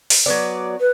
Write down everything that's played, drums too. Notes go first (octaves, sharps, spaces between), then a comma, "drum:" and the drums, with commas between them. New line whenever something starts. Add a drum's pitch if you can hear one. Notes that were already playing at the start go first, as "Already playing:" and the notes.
drum: open hi-hat
F#3 B3 D5
B4